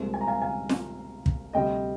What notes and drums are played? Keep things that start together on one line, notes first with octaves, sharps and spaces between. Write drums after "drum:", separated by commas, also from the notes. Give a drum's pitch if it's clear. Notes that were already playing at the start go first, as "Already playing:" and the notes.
Already playing: C2 A#2 F3 G#3
G#5
A#5
F5 G#5
F5 G#5
drum: snare
drum: kick
D2 C3 G3 D#5 G5